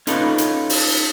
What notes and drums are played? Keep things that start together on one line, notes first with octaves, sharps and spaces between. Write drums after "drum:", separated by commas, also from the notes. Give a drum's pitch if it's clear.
C#4 D#4 F4 A4 B4, drum: hi-hat
drum: hi-hat
drum: open hi-hat